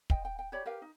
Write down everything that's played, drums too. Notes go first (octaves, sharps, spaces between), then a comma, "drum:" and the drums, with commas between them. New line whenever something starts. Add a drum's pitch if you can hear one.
C5 D#5 G5, drum: kick
G5
G5
G4 C#5 D5 B5
G4 A#4 B4 F5
D#4